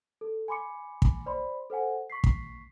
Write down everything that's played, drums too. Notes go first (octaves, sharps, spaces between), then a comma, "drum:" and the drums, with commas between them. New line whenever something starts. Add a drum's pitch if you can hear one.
A4
G#5 B5 C6 D6 C#7
drum: kick
C5 D5 B5 C6
A4 C5 F#5 G#5
C#6 B6 C7
drum: kick